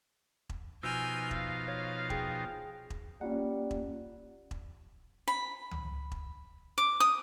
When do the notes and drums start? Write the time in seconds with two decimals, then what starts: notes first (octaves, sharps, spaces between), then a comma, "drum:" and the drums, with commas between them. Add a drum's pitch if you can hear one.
0.49 drum: kick E1
0.83 B2 F3 D#4 G#5 E6 F6 G6 D7
1.31 F5, drum: kick E1
1.68 C#5
2.10 G#4 G5, drum: kick E1
2.90 drum: kick E1
3.21 G3 A#3 C#4 F4 F#5
3.71 drum: kick E1
4.51 drum: kick E1
5.28 B5
5.71 drum: tom C#2
6.12 drum: kick E1
6.78 D6
7.00 D#6